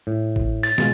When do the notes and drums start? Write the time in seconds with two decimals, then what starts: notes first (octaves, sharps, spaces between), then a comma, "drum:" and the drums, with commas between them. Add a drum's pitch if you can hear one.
0.07 A2
0.36 drum: kick G#1
0.63 A6, drum: open hi-hat
0.78 B2 G#3 F4, drum: snare